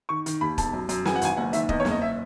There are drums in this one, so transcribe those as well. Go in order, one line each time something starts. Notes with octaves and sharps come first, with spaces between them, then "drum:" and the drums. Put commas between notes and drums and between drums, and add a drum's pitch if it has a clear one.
D#3 C#6
D#3, drum: hi-hat
D#2 B5
E1 A5, drum: kick, hi-hat
F#2
F#2, drum: hi-hat
E3 G#5, drum: snare
F#5
G#1 G#5, drum: hi-hat
F#1 F#5
D#3 E5, drum: hi-hat
E2 D#5, drum: kick
C#5
F#1, drum: snare
D#5
E5